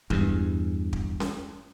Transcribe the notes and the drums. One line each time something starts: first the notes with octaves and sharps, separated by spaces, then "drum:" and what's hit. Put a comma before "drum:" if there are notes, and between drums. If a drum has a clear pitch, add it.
E2 G2, drum: kick
drum: kick
drum: snare C#4